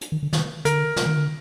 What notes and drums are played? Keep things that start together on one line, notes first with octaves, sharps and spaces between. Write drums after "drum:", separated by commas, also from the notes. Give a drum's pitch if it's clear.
drum: hi-hat
D#3
D3
D#3, drum: snare
D3 A#4, drum: hi-hat
drum: snare
D#3
D3